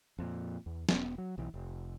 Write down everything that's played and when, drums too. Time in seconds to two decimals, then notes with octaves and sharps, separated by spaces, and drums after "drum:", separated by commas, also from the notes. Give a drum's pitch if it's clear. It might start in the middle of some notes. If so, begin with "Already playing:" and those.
0.19 F2 A#2
0.66 E2
0.89 E1 B3, drum: snare C#4
1.18 F#3
1.38 B1 E3
1.54 F1